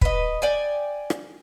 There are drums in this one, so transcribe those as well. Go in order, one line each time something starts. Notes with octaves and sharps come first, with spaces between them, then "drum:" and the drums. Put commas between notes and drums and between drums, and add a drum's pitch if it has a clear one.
B4 D#5, drum: kick
D5 G5 G#5
drum: rim click